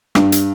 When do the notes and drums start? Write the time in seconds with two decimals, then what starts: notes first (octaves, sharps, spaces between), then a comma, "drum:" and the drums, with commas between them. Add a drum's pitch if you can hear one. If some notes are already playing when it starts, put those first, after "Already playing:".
0.15 G2, drum: rim click
0.32 drum: hi-hat